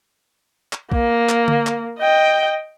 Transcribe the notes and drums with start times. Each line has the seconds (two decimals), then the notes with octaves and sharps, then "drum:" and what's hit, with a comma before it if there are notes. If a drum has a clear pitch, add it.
0.73 drum: clap
0.92 A#3, drum: kick
1.29 drum: clap
1.48 drum: tom D3
1.67 drum: clap
1.99 D#5 G5